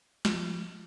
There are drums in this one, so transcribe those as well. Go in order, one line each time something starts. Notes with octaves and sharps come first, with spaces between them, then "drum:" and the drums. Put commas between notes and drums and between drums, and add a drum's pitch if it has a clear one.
F3, drum: snare